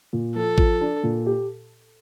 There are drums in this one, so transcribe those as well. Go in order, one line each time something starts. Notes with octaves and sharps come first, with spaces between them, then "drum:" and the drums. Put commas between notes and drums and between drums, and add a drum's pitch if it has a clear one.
A#2
F3 A4
F3, drum: kick
D4
A#2
G4